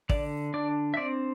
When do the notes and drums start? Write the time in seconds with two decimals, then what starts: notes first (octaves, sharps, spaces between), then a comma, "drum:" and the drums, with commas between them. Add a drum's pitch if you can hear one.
0.09 D3 D5, drum: kick
0.54 D4 D5
0.94 E5
0.97 C4 D5